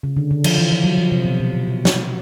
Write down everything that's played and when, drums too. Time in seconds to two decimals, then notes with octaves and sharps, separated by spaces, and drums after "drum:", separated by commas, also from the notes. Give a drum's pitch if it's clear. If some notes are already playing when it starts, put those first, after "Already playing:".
0.03 C#3
0.17 D3
0.31 D3
0.44 F3, drum: cymbal
0.58 E3
0.72 F3
0.84 F#3
0.98 F3
1.12 C3
1.25 B2
1.40 B2
1.53 B2
1.67 B2
1.85 drum: snare